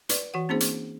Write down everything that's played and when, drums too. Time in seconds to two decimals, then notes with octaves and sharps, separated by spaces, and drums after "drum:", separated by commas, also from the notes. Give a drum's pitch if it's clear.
0.09 B4 D5, drum: hi-hat
0.34 E3 F#4 F#5
0.49 A#3 C4 C#4 D#4 G#4 C5
0.60 drum: hi-hat